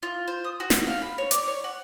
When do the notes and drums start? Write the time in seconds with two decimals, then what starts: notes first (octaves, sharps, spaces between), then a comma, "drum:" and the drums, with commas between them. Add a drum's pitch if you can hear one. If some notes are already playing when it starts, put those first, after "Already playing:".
0.03 F4
0.28 C5
0.44 D#6
0.60 F#4
0.70 drum: snare
0.87 F5
1.02 B5
1.18 C#5
1.31 D5, drum: hi-hat
1.48 C#5
1.64 F#5